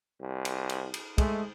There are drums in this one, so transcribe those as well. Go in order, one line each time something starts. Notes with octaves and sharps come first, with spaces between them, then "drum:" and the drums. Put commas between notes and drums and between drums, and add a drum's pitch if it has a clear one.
C2
drum: cymbal
drum: cymbal
drum: cymbal
G#3 A3, drum: kick, cymbal